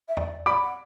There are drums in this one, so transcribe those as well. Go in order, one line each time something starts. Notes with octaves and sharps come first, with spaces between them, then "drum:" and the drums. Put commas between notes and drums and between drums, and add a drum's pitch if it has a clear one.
E5
D5, drum: tom
D5 B5 D6
F#5